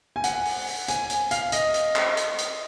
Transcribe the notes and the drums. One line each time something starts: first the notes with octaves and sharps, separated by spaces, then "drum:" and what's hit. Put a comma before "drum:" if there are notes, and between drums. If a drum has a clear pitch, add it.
G#5
F#5, drum: hi-hat
drum: open hi-hat
drum: open hi-hat
G#5, drum: hi-hat
drum: hi-hat
F5, drum: hi-hat
D#5, drum: hi-hat
drum: hi-hat
drum: clap
drum: hi-hat
drum: hi-hat